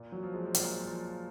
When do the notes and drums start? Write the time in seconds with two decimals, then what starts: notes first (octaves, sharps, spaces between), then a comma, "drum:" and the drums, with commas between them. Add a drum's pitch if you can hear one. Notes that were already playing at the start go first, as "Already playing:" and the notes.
Already playing: A#2
0.12 F#3
0.23 F3
0.33 F3 G#3
0.45 F3
0.55 A#2 F#3, drum: hi-hat
0.86 F3